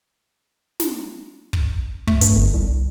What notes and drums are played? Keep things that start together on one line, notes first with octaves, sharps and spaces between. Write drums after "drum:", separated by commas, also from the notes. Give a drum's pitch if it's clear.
drum: snare
drum: kick
A3, drum: kick
G2, drum: hi-hat
G1
C2